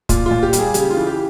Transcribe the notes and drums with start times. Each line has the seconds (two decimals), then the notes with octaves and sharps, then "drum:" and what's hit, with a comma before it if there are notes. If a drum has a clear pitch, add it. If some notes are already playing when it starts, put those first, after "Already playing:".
0.09 A#2 F4, drum: kick, hi-hat
0.26 A#2 F4
0.43 G4
0.53 G3, drum: hi-hat
0.59 G#4
0.74 C#3 G4, drum: hi-hat
0.91 F4
0.96 E3
1.07 G4